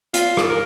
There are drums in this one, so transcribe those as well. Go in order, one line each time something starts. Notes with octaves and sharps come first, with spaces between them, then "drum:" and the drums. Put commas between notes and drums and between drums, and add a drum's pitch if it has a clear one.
F4, drum: hi-hat
drum: rim click
A#4